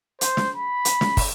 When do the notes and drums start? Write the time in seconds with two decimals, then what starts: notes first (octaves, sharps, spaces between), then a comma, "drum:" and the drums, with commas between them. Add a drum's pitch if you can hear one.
0.21 C5, drum: hi-hat
0.37 drum: snare
0.56 B5
0.85 drum: hi-hat
1.01 drum: snare
1.17 drum: kick, open hi-hat